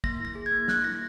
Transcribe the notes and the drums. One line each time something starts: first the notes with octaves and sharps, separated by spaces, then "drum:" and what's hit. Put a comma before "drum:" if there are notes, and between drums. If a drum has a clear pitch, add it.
A#3 A#6, drum: kick
E4 A#6
G#4
G#6
A#3
A#3 F#6, drum: snare
E4 A#6